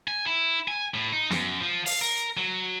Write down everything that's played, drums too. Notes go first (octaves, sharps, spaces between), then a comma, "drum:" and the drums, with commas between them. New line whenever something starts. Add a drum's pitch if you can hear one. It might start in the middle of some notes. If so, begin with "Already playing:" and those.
G#5
E4
G#5
A2
D#4
F#2, drum: snare
F3
F5, drum: open hi-hat
A#4
F#3